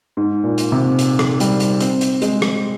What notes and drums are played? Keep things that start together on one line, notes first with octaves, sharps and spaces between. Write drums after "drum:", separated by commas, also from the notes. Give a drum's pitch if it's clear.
G#2
A#2
drum: hi-hat
C3
drum: hi-hat
drum: rim click
G3, drum: hi-hat
drum: hi-hat
C4, drum: hi-hat
drum: hi-hat
G#3, drum: hi-hat
drum: rim click